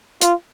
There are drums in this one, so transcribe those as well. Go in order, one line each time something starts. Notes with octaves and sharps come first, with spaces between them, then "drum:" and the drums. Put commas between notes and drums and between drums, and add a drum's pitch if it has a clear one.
F4, drum: hi-hat